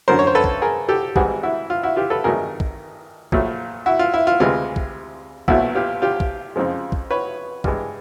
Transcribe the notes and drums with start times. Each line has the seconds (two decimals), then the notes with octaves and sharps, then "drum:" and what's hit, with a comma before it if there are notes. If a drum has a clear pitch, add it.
0.08 F#2 D3 F#3 A#4 C5
0.19 C#5
0.27 C5
0.35 A4 B4
0.44 drum: kick
0.62 G#4 A#4
0.89 G4 A4
1.16 G#1 G#2 E3 G3 F#4 G#4, drum: kick
1.43 E4 F#4
1.70 F4
1.83 E4 F#4
1.96 F4 G4
2.10 A4 B4
2.24 G#1 G2 D#3 F#3 A3 G#4 A#4
2.60 drum: kick
3.32 A#1 A#2 F#3 A3, drum: kick
3.86 E4 F#4
3.99 F4
4.14 E4
4.27 F4
4.40 D2 C3 E3 G#3 F4
4.76 drum: kick
5.48 B1 A#2 F#3 A3 E4 F#4, drum: kick
5.75 F4 G4
6.02 F4 G4
6.20 drum: kick
6.56 F2 C#3 F3 G#3
6.92 drum: kick
7.11 B4 C#5
7.64 G2 E3 G#3, drum: kick